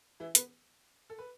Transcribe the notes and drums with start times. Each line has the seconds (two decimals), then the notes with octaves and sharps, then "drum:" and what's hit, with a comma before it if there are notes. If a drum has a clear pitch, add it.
0.20 E3 E4
0.35 B3 B4, drum: hi-hat
1.10 A4
1.19 B4